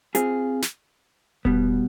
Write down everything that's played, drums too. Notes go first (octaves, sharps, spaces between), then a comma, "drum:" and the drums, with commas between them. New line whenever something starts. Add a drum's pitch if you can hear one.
C4 F4 G#4, drum: hi-hat
drum: snare
B2 G3 B3, drum: kick E1